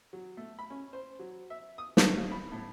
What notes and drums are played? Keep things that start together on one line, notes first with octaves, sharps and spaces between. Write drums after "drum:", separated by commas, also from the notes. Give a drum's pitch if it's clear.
F#3
A3
B5
C#4
C5
F#3
E5
D#6
D#6, drum: snare
D#2
B5
A2